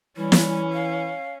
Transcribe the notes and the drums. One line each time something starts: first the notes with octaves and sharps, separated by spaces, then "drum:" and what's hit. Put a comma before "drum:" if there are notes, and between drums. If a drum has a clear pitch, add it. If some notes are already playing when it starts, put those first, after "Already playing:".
E3 G3 C#4 E4
drum: snare
F5